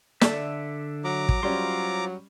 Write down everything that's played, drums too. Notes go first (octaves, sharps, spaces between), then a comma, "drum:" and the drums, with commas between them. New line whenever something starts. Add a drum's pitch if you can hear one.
D3 A4 D5 E5 A5, drum: snare
F#3 A#5 D6
drum: kick
F#3 G3 C#4 F4 C5 C6